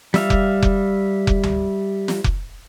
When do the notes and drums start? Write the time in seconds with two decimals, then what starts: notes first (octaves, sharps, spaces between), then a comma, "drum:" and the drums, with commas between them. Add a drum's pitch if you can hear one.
0.14 G3 E5 F5, drum: snare
0.30 drum: kick F1
0.62 drum: kick F1
1.27 drum: kick F1
1.43 drum: tom C#2
2.08 drum: snare
2.24 drum: kick F1